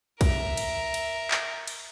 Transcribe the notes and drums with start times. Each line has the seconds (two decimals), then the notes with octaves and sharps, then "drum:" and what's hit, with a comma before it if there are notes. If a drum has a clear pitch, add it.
0.21 A#4 E5, drum: kick, cymbal
0.57 drum: cymbal
0.94 drum: cymbal
1.31 drum: clap
1.67 drum: cymbal